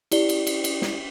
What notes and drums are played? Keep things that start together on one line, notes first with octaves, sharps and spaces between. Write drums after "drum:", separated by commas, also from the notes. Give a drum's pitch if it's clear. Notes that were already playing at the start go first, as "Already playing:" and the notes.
E4 G4 D5 G7, drum: cymbal
drum: cymbal
drum: cymbal
drum: cymbal
drum: snare